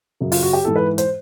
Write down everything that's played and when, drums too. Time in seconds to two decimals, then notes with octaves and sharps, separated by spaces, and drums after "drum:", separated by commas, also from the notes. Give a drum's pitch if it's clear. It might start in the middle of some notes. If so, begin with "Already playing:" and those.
0.20 F#2 C#3 F#3
0.32 F4, drum: open hi-hat
0.43 F#4
0.53 G4
0.65 G#2 E3 A4
0.76 B4
0.98 C5, drum: hi-hat